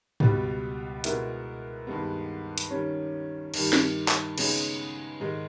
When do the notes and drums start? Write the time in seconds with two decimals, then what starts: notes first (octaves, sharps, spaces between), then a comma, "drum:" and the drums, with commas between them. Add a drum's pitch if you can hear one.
0.20 C#2 B2 G3 B3, drum: tom
1.04 B2 G#3 B3 E4 A#4, drum: hi-hat
1.87 G2 D#3 G#3 B3
2.58 drum: hi-hat
2.70 D#3 G3 C#4
3.54 G2 D#3 G3, drum: cymbal
3.73 drum: snare
4.08 drum: clap
4.38 C#3 G#3 B3 D#4 G#4, drum: cymbal
5.20 G#2 D#3 G#3